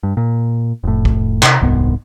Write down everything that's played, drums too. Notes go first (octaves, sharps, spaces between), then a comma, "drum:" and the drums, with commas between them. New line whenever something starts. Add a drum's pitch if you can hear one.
G2
A#2
F1 A2
drum: kick
C3, drum: clap
D#1 C2 G#2 B3